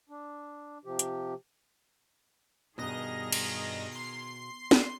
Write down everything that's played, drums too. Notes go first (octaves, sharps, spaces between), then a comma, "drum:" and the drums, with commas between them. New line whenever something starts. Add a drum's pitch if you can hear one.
D4
C3 F3 G4
drum: hi-hat
G2 B2 D#3 G#4 A#4 D#5 A#6
drum: cymbal
C6 C7
drum: snare